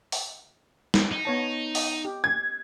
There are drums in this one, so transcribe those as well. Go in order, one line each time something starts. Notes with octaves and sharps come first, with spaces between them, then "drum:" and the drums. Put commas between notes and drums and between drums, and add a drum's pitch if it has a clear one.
drum: open hi-hat
drum: snare
D#4
B3 C#5 A5
D#5, drum: open hi-hat
G4
G#6